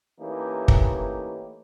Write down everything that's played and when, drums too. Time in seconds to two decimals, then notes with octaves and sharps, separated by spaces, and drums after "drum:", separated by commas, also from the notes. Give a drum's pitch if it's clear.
0.20 E3 A3 A#3 C#4 D#4 G4
0.68 drum: kick